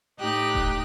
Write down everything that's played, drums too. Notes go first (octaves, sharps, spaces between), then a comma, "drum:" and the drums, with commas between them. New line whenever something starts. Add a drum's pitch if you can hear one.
A2 D#4 G4 F#6
drum: kick D#1